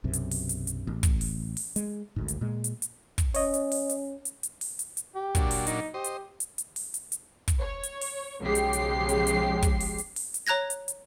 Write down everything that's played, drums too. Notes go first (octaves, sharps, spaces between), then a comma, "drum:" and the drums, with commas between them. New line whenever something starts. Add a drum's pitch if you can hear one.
B1 F#2 C3
drum: hi-hat
drum: open hi-hat
drum: hi-hat
drum: hi-hat
A1
drum: kick, hi-hat
drum: open hi-hat
drum: open hi-hat
G#3, drum: hi-hat
G#1 D2 G#2
drum: hi-hat
A#2 G#3
drum: hi-hat
drum: hi-hat
drum: kick, hi-hat
C#4 C#5 D#5, drum: open hi-hat
drum: hi-hat
drum: open hi-hat
drum: hi-hat
drum: hi-hat
drum: hi-hat
drum: open hi-hat
drum: hi-hat
drum: hi-hat
G4
A#2 F#3 D4, drum: kick, hi-hat
drum: open hi-hat
D#4, drum: hi-hat
G4 C5 D#5
drum: hi-hat
drum: hi-hat
drum: hi-hat
drum: open hi-hat
drum: hi-hat
drum: hi-hat
drum: kick, hi-hat
C#5
drum: hi-hat
drum: open hi-hat
B1 C#3 F3 G#3 G4 C7
drum: hi-hat
drum: hi-hat
drum: hi-hat
drum: hi-hat
drum: kick, hi-hat
drum: open hi-hat
drum: hi-hat
drum: open hi-hat
drum: hi-hat
C#5 A#5 F#6 G#6 A#6
drum: hi-hat
drum: hi-hat